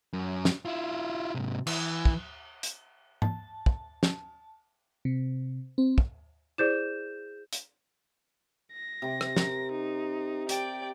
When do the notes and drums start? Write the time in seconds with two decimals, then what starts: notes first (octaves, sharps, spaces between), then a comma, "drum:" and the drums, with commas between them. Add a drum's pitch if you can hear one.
0.13 F#2
0.45 drum: snare
0.65 E4 F4
1.35 G#2 C3
1.67 E3, drum: cymbal
2.05 drum: kick
2.63 drum: hi-hat
3.22 A5, drum: tom G#2
3.66 drum: kick
4.03 drum: snare
5.05 C3
5.78 C4
5.98 drum: kick
6.58 E4 G#4 C5 D5 G6 E7
7.53 drum: hi-hat
8.73 A#6
9.02 C3 D6
9.21 drum: rim click
9.37 A#4, drum: snare
9.71 D#4
10.49 G4 D5 G5, drum: hi-hat